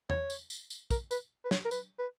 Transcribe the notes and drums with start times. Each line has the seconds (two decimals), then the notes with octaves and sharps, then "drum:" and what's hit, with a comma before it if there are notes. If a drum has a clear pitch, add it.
0.10 C#5, drum: tom
0.30 drum: tambourine
0.50 drum: tambourine
0.70 drum: tambourine
0.91 A#4, drum: kick, tambourine
1.11 B4, drum: tambourine
1.45 B4
1.51 C#5, drum: snare
1.65 A#4
1.71 B4, drum: tambourine
1.99 B4